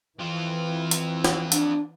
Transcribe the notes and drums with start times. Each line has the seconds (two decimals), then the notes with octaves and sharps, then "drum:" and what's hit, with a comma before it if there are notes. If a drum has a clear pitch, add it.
0.19 E3 C4 F4
0.91 drum: hi-hat
1.24 drum: snare
1.52 D4, drum: hi-hat